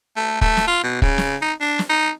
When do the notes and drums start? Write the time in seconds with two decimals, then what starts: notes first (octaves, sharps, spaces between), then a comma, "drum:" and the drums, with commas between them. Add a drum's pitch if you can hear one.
0.17 A3
0.41 A3, drum: kick
0.57 drum: snare
0.68 F4
0.83 B2
1.02 C#3, drum: kick
1.18 drum: snare
1.42 D#4
1.60 D4
1.79 drum: snare
1.89 D#4